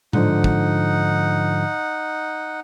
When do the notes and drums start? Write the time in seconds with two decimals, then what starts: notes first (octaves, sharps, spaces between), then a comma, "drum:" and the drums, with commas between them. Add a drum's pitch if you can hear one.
0.13 G#2 D3 F3 D#4 F#5, drum: tom A2
0.44 drum: kick